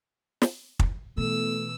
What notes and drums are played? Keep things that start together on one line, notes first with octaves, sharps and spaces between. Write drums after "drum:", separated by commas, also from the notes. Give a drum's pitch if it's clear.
drum: snare
drum: kick
B2 E3 A3 B3 E6